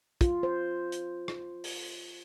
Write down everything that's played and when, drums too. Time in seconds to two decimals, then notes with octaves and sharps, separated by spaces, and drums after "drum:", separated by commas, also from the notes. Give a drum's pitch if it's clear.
0.21 F4, drum: kick, hi-hat
0.43 C5
0.92 drum: hi-hat
1.28 drum: rim click
1.64 drum: open hi-hat